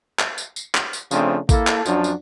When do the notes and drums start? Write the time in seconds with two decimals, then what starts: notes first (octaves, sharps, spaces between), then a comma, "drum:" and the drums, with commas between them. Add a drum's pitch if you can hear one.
0.19 drum: clap
0.38 drum: tambourine
0.56 drum: tambourine
0.75 drum: clap
0.93 drum: tambourine
1.11 C#3 F3 A3 C4 D4, drum: tambourine
1.49 A#3 E4 A4, drum: kick A1, tambourine
1.67 drum: clap
1.86 F#2 F3 F#3 D4, drum: tambourine
2.04 drum: tambourine